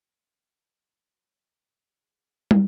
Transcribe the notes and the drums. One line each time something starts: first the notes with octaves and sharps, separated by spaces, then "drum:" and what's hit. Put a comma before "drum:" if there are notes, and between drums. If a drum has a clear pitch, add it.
G2
F#3
A#1
F#3
G2
G#4
drum: tom